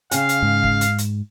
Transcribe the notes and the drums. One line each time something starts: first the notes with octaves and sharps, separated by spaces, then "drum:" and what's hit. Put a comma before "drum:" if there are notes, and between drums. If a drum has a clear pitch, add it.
C#3 F5 G5 G#5, drum: hi-hat
drum: hi-hat
G#2
drum: kick F#1
drum: hi-hat
drum: hi-hat